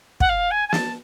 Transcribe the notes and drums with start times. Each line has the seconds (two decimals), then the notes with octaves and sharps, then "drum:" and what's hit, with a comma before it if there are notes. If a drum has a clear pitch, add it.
0.20 F#5, drum: kick
0.29 F5
0.51 G#5
0.69 G#5
0.72 A5, drum: snare